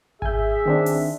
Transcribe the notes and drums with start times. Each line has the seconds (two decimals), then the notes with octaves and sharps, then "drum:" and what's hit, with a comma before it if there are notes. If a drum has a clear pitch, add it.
0.22 G#4 E5 G#5 G6, drum: kick G#1
0.66 D#3 C4 D4
0.86 drum: open hi-hat